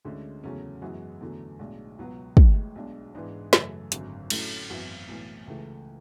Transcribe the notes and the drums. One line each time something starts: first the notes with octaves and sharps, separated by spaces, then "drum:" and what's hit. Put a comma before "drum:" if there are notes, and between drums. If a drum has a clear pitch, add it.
D2 D3 G#3 C#4
E2 C#3 F#3 A3 C#4
F#2 E3 G#3 B3 F#4
E2 D3 F#3 A3
B1 A2 G#3 D4
C#2 B2 F#3 B3 F#4
A1 A2 G#3, drum: kick
B1 B2 G#3 D4
G#2 E3 G#3 B3 D4
F#2 C#3 E3 A3, drum: snare
G#1 F#2 D3, drum: hi-hat
A2 F#3 A3 C#4 E4, drum: cymbal
G#1 F#2 E3 B3 F#4
B1 A2 E3
C#2 C#3 E3 A3